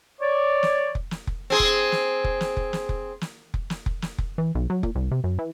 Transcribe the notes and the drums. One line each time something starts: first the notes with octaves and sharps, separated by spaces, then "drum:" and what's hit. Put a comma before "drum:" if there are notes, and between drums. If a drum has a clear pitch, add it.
C#5 D5
drum: snare
drum: kick F1
drum: snare
drum: kick F1
C4 G#4
drum: kick F1
drum: snare
drum: kick F1
drum: snare
drum: kick F1
drum: snare
drum: kick F1
drum: snare
drum: kick F1
drum: snare
drum: kick F1
drum: snare
drum: kick F1
E3
B1
F#3
A#2, drum: kick F1
C2
C3
F#2
E3